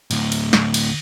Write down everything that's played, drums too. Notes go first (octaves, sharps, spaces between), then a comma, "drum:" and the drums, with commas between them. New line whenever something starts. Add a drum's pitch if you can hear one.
D2 A2, drum: cymbal
drum: cymbal
drum: snare
drum: cymbal